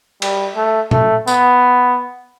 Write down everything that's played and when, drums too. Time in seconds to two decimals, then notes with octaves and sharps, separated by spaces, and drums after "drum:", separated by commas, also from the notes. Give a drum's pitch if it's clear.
0.22 G3, drum: cymbal
0.56 A3
0.91 A3, drum: tom A#2
1.27 B3, drum: tambourine